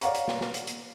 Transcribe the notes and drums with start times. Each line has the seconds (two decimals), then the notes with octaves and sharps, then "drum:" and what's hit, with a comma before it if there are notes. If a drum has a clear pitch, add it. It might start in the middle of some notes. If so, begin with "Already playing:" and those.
0.01 C#5 D5 F5 F#5 A#5 C#6, drum: hi-hat
0.15 drum: hi-hat
0.28 drum: snare
0.41 drum: snare
0.54 drum: hi-hat
0.67 drum: hi-hat